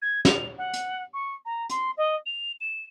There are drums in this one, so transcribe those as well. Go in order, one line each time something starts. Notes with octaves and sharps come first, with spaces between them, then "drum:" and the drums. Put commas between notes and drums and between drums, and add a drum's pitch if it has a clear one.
G#6
F7, drum: snare
F#5
drum: hi-hat
C#6
A#5
C6, drum: hi-hat
D#5
F7
E7